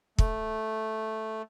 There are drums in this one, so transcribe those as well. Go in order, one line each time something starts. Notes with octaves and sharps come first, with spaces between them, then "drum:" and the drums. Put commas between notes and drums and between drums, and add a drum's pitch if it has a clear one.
A3, drum: kick